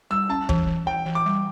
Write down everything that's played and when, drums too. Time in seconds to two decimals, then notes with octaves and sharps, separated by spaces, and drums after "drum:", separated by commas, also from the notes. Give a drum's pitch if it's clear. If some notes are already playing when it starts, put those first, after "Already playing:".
0.10 G3 E6
0.29 C#4 A5
0.49 E3, drum: kick
0.67 E3
0.86 E3 G5
1.05 E3
1.15 D6
1.26 G3